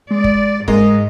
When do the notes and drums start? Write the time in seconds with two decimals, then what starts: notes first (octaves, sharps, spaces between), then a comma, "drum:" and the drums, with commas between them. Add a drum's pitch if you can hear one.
0.11 G#3 D5
0.24 drum: kick
0.68 G#2 G#3 A#3 D#5 A#5 D#6, drum: kick